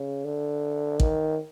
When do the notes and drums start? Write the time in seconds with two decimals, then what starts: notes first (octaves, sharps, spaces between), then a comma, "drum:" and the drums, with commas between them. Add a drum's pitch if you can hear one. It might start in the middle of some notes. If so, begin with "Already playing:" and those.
Already playing: C#3
0.25 D3
1.00 D#3, drum: kick